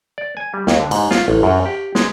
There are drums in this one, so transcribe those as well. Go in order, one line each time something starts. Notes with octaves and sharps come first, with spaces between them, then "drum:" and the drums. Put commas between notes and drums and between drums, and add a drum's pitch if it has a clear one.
D5
G#5
G3
D#2, drum: snare
D3
G#2, drum: cymbal
F4, drum: snare
A1
F#2
G4
G#3, drum: snare